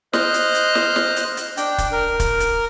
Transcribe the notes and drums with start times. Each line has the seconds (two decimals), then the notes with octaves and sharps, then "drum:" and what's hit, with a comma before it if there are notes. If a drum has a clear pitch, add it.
0.13 C5 D#5 F6 F#6, drum: snare
0.34 drum: hi-hat
0.55 drum: hi-hat
0.75 drum: snare
0.96 drum: snare
1.16 drum: hi-hat
1.37 drum: hi-hat
1.57 D4 G5, drum: hi-hat
1.78 drum: kick, hi-hat
1.92 A#4
2.20 drum: kick, hi-hat
2.40 drum: hi-hat